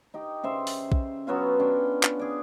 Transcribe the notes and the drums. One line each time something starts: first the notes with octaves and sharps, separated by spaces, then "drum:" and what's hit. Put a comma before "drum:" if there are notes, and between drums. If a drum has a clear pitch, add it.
D#4 G4
C#3 C5 E5
drum: open hi-hat
drum: kick
F#3 B3 C#4 F4
C#4 D4 G5
drum: clap
G#4 D5